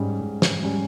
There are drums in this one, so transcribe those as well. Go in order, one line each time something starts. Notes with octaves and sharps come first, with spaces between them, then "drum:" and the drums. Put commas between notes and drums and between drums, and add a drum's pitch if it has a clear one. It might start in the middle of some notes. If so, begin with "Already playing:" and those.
Already playing: G#2 G3 C#4
G#2
drum: snare
G3 C#4